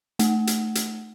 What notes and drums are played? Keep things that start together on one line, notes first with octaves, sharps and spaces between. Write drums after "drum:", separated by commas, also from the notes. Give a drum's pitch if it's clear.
A3, drum: hi-hat
drum: hi-hat
drum: hi-hat